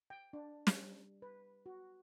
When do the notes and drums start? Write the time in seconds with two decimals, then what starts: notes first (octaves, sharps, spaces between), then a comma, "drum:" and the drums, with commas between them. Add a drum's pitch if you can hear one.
0.10 G5
0.33 D4
0.67 G3, drum: snare
1.22 B4
1.66 F#4